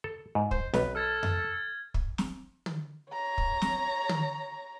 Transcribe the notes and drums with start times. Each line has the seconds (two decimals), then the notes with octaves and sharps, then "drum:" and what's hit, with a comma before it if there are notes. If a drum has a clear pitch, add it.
0.04 A4
0.35 G#2
0.51 C5, drum: kick
0.74 B1 B4, drum: snare
0.95 A4 F6 G#6 A6
1.23 drum: tom F2
1.94 drum: kick
2.18 drum: snare
2.66 drum: tom
3.12 C#5 A#5
3.38 drum: kick
3.62 drum: snare
4.09 drum: tom